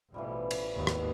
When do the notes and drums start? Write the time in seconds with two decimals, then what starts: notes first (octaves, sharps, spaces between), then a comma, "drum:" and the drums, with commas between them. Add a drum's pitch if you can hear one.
0.14 A1 B2 E3 F3 G3
0.51 drum: cymbal
0.76 G#1 D#2 B3
0.87 drum: rim click